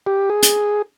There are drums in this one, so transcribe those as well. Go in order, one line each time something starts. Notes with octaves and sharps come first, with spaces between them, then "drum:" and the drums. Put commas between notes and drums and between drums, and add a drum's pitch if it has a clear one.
G4
G#4
drum: hi-hat